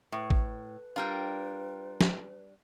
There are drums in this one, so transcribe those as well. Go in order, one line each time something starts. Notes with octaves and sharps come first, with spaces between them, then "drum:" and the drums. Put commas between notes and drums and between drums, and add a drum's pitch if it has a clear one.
A2 B4
drum: kick A1
G3 D4 F4 A#4 G5
drum: snare